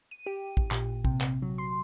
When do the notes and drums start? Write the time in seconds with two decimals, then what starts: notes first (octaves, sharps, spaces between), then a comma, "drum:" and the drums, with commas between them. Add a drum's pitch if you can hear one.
0.11 D#7
0.26 G4
0.57 A1, drum: kick
0.71 A#2, drum: clap
1.05 C3, drum: kick
1.21 drum: clap
1.42 F#3
1.58 C6